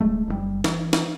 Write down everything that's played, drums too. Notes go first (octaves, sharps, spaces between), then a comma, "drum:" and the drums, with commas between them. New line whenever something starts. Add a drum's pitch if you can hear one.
D1 G#3 A3
F#1 C#3 G3
E3, drum: snare
drum: snare